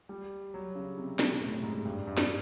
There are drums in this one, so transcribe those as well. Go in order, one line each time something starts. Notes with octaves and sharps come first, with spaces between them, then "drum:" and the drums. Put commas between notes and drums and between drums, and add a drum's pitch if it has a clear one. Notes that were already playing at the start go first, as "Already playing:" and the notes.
G3
F#3
C#3
C3
B2, drum: snare
A2
G#2
G2
G2
drum: snare